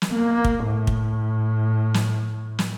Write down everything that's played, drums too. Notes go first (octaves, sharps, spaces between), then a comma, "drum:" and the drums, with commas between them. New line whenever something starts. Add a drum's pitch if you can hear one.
drum: snare
A#3
drum: kick
A2
drum: kick
drum: snare
drum: snare